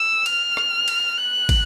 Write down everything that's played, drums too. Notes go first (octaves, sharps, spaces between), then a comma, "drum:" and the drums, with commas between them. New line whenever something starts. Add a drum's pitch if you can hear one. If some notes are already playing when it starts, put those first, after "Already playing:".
Already playing: E6
F6, drum: cymbal
drum: rim click
drum: cymbal
F#6
drum: kick, cymbal